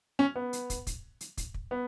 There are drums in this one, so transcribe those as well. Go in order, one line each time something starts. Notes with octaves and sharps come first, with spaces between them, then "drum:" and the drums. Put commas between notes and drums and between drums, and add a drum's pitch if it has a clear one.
C#4
B3
drum: hi-hat
drum: kick, hi-hat
drum: kick, hi-hat
drum: hi-hat
drum: kick, hi-hat
drum: kick
B3